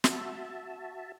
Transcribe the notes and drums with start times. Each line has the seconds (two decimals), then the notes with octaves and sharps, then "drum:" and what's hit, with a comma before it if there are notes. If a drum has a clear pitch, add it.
0.04 F#4 E5 A5, drum: snare